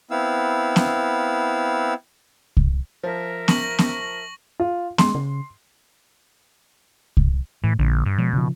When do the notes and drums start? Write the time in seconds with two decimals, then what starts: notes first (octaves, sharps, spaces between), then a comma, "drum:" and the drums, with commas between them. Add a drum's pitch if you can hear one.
0.11 B3 C4 E4 F5 E6
0.76 drum: snare B3
2.57 drum: kick C2
3.03 F3 A#4 E5
3.48 C#6 A#6 F#7, drum: snare B3
3.79 drum: snare B3
4.60 F4
4.98 G#3 C6, drum: snare B3
5.15 C#3
7.17 drum: kick C2
7.64 A2 E3
7.79 A#1 A#2 D3
8.06 G2
8.18 B2 F3 G#3
8.33 C#3 F3